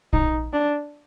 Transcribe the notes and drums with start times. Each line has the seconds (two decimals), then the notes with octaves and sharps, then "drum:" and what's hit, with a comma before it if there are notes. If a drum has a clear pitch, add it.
0.13 D#4, drum: kick A#1
0.53 D4